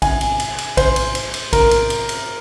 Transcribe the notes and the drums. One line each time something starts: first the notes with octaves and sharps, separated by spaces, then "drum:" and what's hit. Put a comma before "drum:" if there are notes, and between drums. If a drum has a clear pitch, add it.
G#5, drum: kick A#1, cymbal
drum: cymbal
drum: cymbal
drum: cymbal
C5, drum: kick A#1, cymbal
drum: cymbal
drum: cymbal
drum: cymbal
A#4, drum: kick A#1, cymbal
drum: cymbal
drum: cymbal
drum: cymbal